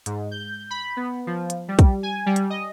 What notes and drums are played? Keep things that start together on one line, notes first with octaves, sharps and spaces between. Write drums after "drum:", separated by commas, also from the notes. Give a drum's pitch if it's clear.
G#2, drum: hi-hat
G6
B5
B3
F3
drum: hi-hat
G3
drum: kick, hi-hat
G#5
G3
drum: hi-hat
D#5